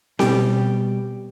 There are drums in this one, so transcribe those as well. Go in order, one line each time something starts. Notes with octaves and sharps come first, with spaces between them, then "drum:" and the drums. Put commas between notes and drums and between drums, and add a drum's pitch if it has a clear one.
B2 G3 G4, drum: snare C4